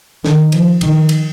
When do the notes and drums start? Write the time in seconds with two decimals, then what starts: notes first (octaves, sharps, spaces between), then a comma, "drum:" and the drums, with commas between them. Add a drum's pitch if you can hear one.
0.25 D#3, drum: snare
0.52 F3, drum: cymbal
0.81 D#3, drum: cymbal
1.09 drum: cymbal